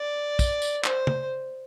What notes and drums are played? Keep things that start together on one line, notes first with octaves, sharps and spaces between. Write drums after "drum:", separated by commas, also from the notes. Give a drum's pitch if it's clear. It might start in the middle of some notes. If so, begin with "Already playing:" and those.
Already playing: D5
drum: kick, tambourine
drum: tambourine
C5, drum: clap
drum: tom